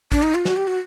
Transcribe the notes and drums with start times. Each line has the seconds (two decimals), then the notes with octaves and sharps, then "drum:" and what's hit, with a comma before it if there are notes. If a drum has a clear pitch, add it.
0.12 D4, drum: kick, hi-hat
0.23 D#4
0.35 F4
0.45 F#4, drum: snare
0.57 G4
0.67 F#4